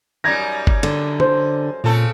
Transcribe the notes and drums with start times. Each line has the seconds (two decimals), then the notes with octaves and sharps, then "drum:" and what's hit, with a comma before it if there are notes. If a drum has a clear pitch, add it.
0.24 F#2 G3 D#4 G#6 A#6
0.67 drum: kick G1
0.83 D3, drum: cymbal
1.20 C5, drum: tom
1.84 A#2 C#3 C4 A4